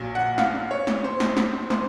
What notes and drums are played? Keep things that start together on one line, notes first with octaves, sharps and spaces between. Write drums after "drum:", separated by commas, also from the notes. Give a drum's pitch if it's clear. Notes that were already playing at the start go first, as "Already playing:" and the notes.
Already playing: A#1 A#2 F#3
F#5
F5, drum: snare
C#5
drum: snare
C5
drum: snare
drum: snare
C5, drum: snare